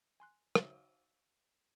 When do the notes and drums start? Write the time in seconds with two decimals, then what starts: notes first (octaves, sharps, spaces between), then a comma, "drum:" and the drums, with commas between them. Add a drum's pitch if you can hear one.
0.20 G#5 C6 F#6
0.55 D#4 F#4 C5 C#5 E5, drum: rim click